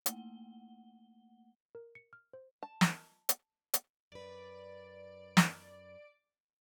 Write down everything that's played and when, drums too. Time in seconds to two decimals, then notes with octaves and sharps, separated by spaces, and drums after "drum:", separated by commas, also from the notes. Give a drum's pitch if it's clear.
0.06 A3 A#3 F#5 G7, drum: hi-hat
1.75 A#4
1.95 C#7
2.13 F6
2.33 C5
2.63 A5
2.81 drum: snare
3.29 drum: hi-hat
3.74 drum: hi-hat
4.12 F#2 B4 D5
5.37 drum: snare